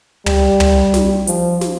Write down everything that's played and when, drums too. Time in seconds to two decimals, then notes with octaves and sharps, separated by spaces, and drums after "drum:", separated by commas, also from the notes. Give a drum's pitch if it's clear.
0.26 G3, drum: tom
0.60 drum: tom
0.94 drum: snare
1.27 F3, drum: hi-hat
1.61 drum: snare